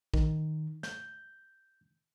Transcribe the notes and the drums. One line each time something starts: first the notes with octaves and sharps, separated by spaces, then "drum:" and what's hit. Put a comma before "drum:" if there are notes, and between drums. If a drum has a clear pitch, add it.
D#3, drum: kick
G6, drum: snare